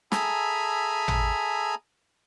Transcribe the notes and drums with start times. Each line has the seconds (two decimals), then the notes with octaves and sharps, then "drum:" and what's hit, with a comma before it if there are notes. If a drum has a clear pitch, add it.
0.12 G#4 A4 E5 G#5 A#5 B5, drum: snare
1.08 drum: tom